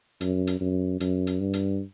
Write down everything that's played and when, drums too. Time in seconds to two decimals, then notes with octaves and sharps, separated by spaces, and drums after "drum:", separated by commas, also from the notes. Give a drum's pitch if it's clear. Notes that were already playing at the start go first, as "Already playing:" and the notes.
0.21 F#2, drum: hi-hat
0.47 drum: hi-hat
0.61 F#2
1.00 F#2, drum: hi-hat
1.27 drum: hi-hat
1.40 G2
1.53 drum: hi-hat